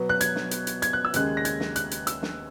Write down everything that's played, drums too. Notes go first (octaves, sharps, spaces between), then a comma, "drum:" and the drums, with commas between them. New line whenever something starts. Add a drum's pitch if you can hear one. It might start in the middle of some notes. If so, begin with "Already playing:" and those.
Already playing: B2 F#3 B3
F#6
G#6, drum: hi-hat
drum: snare
drum: hi-hat
drum: hi-hat
G#6, drum: hi-hat
F#6
E6
D#2 C#3 G#3 F#6, drum: hi-hat
A#6
G#6, drum: hi-hat
drum: snare
F#6, drum: hi-hat
drum: hi-hat
E6, drum: hi-hat
drum: snare